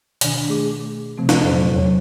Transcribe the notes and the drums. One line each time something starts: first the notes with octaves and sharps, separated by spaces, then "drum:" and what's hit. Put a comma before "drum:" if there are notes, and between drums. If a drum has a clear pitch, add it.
B2 D#3 D4, drum: hi-hat
A3 G#4 D6
C3 F3 A3 C4
drum: snare
F2 A#2 F#3 A4 C5
E2 F#3 C#5